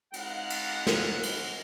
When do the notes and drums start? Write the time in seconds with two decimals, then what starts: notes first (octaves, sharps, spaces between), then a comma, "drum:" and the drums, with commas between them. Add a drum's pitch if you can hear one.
0.14 G#3 D#4 F5 F#5, drum: cymbal
0.50 drum: cymbal
0.87 drum: snare
1.23 drum: cymbal